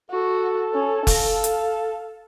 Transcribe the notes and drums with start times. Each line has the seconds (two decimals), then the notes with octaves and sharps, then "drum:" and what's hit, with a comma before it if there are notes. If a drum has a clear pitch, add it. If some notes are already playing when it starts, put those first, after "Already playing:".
0.11 F#4 A4
0.74 C#4
1.07 F5, drum: kick F1, open hi-hat
1.44 drum: hi-hat